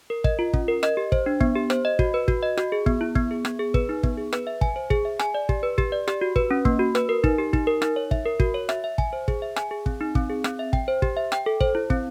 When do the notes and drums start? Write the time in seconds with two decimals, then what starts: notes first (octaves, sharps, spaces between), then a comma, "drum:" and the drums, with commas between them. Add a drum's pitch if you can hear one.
0.10 A#4
0.24 D#5, drum: kick
0.39 F4
0.53 C#4, drum: kick
0.68 A#4
0.83 D#5, drum: rim click
0.97 G4
1.12 C5, drum: kick
1.26 D4
1.40 B3, drum: kick
1.55 G4
1.70 C5, drum: rim click
1.85 D#5
1.99 F#4, drum: kick
2.14 B4
2.28 F#4, drum: kick
2.43 D#5
2.57 F#4, drum: rim click
2.72 G#4
2.86 B3, drum: kick
3.01 E4
3.15 B3, drum: kick
3.31 G#4
3.45 B3, drum: rim click
3.59 G#4
3.74 B4, drum: kick
3.89 D#4
4.03 B3, drum: kick
4.17 G#4
4.33 B4, drum: rim click
4.47 E5
4.61 G#5, drum: kick
4.76 C5
4.90 G#4, drum: kick
5.05 E5
5.19 G#5, drum: rim click
5.34 D5
5.49 G4, drum: kick
5.63 B4
5.78 G4, drum: kick
5.92 D5
6.08 G4, drum: rim click
6.21 F#4
6.36 B4, drum: kick
6.51 C#4
6.65 A#3, drum: kick
6.79 F#4
6.95 B4, drum: rim click
7.09 A#4
7.24 D#4, drum: kick
7.38 G4
7.53 D#4, drum: kick
7.67 A#4
7.82 D#4, drum: rim click
7.96 C#5
8.11 E5, drum: kick
8.26 A#4
8.40 F#4, drum: kick
8.54 C#5
8.69 E5, drum: rim click
8.84 E5
8.98 G#5, drum: kick
9.13 C5
9.28 G#4, drum: kick
9.42 E5
9.56 G#5, drum: rim click
9.71 G#4
9.86 C4, drum: kick
10.01 D#4
10.15 C4, drum: kick
10.30 G#4
10.44 C4, drum: rim click
10.59 E5
10.73 G5, drum: kick
10.88 C5
11.02 G4, drum: kick
11.17 E5
11.32 G5, drum: rim click
11.46 A4
11.60 C5, drum: kick
11.75 E4
11.90 C4, drum: kick